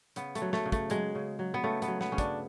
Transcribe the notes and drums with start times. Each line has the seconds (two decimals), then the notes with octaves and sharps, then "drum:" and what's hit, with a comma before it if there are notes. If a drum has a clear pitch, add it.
0.16 C#3 B3, drum: hi-hat
0.35 A3, drum: hi-hat
0.41 F#3
0.53 A3, drum: snare
0.65 C#3
0.72 A3, drum: kick, hi-hat
0.90 F#3 G#3, drum: hi-hat
1.15 C#3
1.39 F#3
1.54 B3
1.63 C#3 A3
1.82 B3, drum: hi-hat
1.88 F#3
2.01 B3, drum: snare
2.12 C#3 C#4
2.18 D4, drum: kick, hi-hat